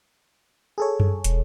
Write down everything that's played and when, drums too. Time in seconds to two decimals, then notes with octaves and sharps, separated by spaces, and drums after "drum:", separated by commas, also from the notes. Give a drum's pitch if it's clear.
0.78 G#4 A4 C#5
1.00 drum: tom F#2
1.24 E1, drum: hi-hat